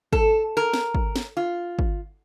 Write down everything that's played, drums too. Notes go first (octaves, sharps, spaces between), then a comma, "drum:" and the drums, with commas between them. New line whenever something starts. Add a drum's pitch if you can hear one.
A4, drum: kick
A#4
drum: snare
drum: kick
drum: snare
F4
drum: kick